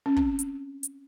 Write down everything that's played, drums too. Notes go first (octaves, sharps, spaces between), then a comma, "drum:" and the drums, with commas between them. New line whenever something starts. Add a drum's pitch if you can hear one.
C#4
C4, drum: kick
drum: hi-hat
drum: hi-hat